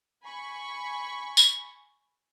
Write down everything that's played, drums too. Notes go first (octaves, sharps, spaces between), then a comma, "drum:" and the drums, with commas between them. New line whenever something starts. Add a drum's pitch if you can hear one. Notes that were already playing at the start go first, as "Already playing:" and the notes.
G#5 B5 C#6
drum: tambourine